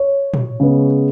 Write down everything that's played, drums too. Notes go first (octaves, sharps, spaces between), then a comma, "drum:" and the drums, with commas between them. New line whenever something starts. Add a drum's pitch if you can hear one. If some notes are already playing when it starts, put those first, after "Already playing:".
Already playing: C#5
drum: tom
C#3 G#3 B3